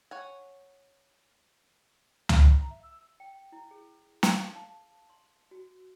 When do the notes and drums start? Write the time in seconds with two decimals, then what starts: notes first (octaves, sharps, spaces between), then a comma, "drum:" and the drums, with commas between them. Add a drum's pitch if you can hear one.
0.11 C#5 F#5 G#5
2.29 A#5, drum: tom C#2
2.70 E5
2.83 E6
3.20 G5
3.52 E4
3.71 G#4
4.23 F5, drum: snare
4.55 A5
5.10 C6
5.51 F#4